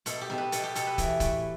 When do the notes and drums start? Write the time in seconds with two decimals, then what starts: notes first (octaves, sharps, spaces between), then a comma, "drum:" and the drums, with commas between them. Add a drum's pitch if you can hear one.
0.06 B2 A4, drum: hi-hat
0.21 G4
0.30 B2, drum: snare B3
0.38 B4
0.52 B2 A4, drum: hi-hat
0.64 G4
0.75 B2 A4, drum: hi-hat
0.87 B4
0.98 E3, drum: kick, hi-hat
1.20 A2, drum: kick, hi-hat